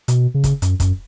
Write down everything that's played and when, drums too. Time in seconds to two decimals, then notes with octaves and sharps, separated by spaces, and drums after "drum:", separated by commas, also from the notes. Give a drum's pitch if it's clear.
0.08 B2, drum: hi-hat
0.34 C#3
0.44 drum: kick, hi-hat
0.62 F#2, drum: hi-hat
0.80 F#2, drum: kick, hi-hat